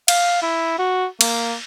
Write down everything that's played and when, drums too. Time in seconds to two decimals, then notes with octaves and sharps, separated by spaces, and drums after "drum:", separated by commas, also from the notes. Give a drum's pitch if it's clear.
0.08 F5, drum: cymbal
0.43 E4
0.79 F#4
1.21 A#3, drum: cymbal